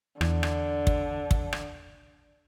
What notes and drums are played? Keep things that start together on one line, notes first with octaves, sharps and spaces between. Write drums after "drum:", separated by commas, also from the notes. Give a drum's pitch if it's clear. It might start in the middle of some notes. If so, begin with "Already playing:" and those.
E2 D3, drum: rim click
drum: rim click
drum: kick
drum: kick
drum: rim click